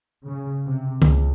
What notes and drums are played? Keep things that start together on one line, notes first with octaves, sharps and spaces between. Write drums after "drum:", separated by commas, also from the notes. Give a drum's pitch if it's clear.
C#3
C3
C#2, drum: tom D3